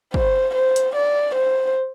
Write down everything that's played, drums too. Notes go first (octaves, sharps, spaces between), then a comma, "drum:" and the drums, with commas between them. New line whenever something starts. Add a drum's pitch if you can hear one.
C5, drum: kick
C5
drum: hi-hat
D5
C5